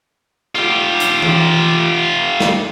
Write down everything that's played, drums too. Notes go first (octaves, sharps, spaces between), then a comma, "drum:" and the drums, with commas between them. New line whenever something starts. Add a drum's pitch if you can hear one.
F4 G4, drum: rim click
drum: hi-hat
drum: tom E3
drum: snare